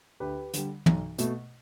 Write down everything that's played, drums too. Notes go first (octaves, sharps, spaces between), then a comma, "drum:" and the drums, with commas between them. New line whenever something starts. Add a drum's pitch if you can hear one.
D2 G4 B4
D3 G3, drum: hi-hat
B1, drum: tom
B2 A3, drum: hi-hat